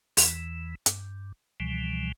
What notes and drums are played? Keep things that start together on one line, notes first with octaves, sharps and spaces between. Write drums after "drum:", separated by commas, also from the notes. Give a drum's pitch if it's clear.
E2 E3, drum: open hi-hat
G2, drum: hi-hat
C#2 B2 E3 F3 G3